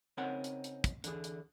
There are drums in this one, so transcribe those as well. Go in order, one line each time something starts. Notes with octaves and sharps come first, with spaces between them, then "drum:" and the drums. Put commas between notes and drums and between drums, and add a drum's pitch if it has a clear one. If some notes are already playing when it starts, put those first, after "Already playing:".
C#3 C4 D#4 A#4 C#5 F#5
drum: hi-hat
drum: hi-hat
drum: kick, hi-hat
D3 E3 G#4, drum: hi-hat
drum: hi-hat